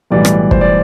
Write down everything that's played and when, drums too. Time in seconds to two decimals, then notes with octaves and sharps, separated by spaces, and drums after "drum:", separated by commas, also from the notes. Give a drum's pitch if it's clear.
0.11 B1 A2 E3 G3 D5
0.25 drum: rim click
0.51 C5, drum: kick
0.61 D5